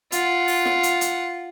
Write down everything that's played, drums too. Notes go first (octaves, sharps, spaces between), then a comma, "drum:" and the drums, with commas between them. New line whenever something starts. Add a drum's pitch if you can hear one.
F4 F#5, drum: hi-hat
drum: open hi-hat
drum: snare
drum: hi-hat
drum: hi-hat